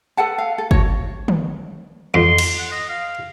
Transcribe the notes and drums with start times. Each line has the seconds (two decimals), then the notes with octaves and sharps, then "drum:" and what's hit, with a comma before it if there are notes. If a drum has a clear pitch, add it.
0.17 A4 B4 F#5 A5
0.38 F5
0.58 A4
0.71 F#4 C#5, drum: kick G1
1.28 drum: tom
2.14 F2 C6
2.38 drum: cymbal
2.59 F#5
2.72 D#5
2.89 F5